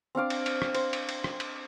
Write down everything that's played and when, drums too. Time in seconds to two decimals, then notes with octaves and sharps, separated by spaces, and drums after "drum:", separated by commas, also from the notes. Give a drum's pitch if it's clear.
0.15 C4 D4 F5 D6
0.30 drum: cymbal
0.46 drum: cymbal
0.62 drum: rim click
0.75 C5, drum: cymbal
0.93 drum: cymbal
1.09 drum: cymbal
1.24 drum: rim click
1.40 drum: cymbal